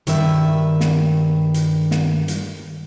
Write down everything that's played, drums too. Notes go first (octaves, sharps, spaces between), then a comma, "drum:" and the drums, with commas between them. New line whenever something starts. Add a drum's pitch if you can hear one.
G2 D#3 B4 E5, drum: hi-hat
drum: snare
drum: hi-hat
drum: snare
drum: hi-hat